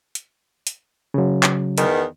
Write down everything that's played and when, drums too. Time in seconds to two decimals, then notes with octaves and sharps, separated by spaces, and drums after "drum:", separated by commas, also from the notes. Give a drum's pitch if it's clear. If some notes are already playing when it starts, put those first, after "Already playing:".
0.15 drum: hi-hat
0.67 drum: hi-hat
1.14 C#3 F#3
1.43 drum: clap
1.78 E2 D#3 B3, drum: hi-hat